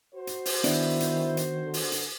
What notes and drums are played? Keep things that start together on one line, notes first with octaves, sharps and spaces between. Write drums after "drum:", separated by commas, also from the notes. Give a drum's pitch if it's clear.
F#4 C5
drum: hi-hat
drum: open hi-hat
D#3 B3 D4 E4 D5, drum: hi-hat
drum: hi-hat
drum: hi-hat
D3
drum: open hi-hat
drum: hi-hat